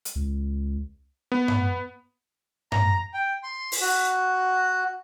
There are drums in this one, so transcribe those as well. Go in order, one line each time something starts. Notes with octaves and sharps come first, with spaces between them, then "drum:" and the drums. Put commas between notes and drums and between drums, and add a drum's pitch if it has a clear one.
drum: hi-hat
C#2
B3
drum: tom G2
A#5, drum: tom G2
G5
C6
drum: open hi-hat
F#4